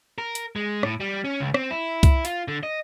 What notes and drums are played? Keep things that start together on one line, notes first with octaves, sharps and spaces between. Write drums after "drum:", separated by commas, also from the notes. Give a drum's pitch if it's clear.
A#4
drum: hi-hat
G#3
A2, drum: rim click
G3
C#4
C#2
C4, drum: rim click
E4
drum: kick C2, hi-hat
F4, drum: hi-hat
D3
D#5